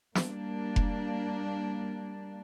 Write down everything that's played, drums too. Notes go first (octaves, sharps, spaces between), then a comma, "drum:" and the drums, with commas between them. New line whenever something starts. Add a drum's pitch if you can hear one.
G3 A#3 D4, drum: snare
drum: kick F1